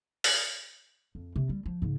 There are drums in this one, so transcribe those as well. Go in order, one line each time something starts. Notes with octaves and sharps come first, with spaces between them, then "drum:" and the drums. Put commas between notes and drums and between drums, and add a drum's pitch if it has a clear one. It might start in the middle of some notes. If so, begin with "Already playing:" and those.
drum: open hi-hat
F2
C3
G3
F3
G#2 C#3